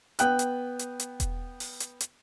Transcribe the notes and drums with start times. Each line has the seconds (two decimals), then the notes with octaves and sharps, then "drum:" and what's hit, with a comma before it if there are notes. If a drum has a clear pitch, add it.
0.19 B3 G5 F#6, drum: hi-hat
0.39 drum: hi-hat
0.79 drum: hi-hat
1.00 drum: hi-hat
1.20 drum: kick E1, hi-hat
1.60 drum: open hi-hat
1.80 drum: hi-hat
2.01 drum: hi-hat